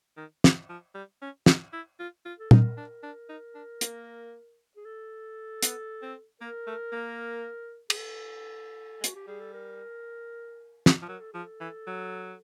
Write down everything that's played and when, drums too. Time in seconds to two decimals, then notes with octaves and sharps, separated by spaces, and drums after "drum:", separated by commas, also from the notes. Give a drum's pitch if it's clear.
0.17 D#3
0.44 drum: snare
0.69 F3
0.94 G3
1.22 C#4
1.46 D#4, drum: snare
1.73 E4
1.99 F4
2.25 F4
2.39 A4
2.51 D#4 A#4, drum: tom A#2
2.77 D4
3.03 D4
3.29 D#4
3.54 D4
3.81 A#3, drum: hi-hat
4.76 G#4
4.85 A4
5.63 B3, drum: hi-hat
6.02 C4
6.41 A#3 A#4
6.67 A3
6.92 A#3
7.90 G#4, drum: cymbal
7.97 A4
9.00 G#3
9.04 F#4, drum: hi-hat
9.15 G4
9.27 G3 G#4
9.40 A4
9.53 A#4
10.86 drum: snare
11.02 F3
11.08 F#3 A#4
11.20 A4
11.32 F3 G#4
11.43 A4
11.60 E3
11.87 F#3